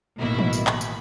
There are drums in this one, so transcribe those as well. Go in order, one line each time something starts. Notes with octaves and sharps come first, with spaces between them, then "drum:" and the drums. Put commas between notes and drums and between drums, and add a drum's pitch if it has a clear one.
A1 B2 D#3 A#3 E4 F#4
drum: tom
drum: tambourine
B5, drum: clap
drum: tambourine